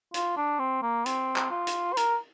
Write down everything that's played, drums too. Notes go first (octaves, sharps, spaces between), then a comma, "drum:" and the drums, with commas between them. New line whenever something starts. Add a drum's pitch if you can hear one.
F4, drum: hi-hat
D4
C4
A#3
C4, drum: hi-hat
drum: clap
F4
drum: hi-hat
C5
A#4, drum: hi-hat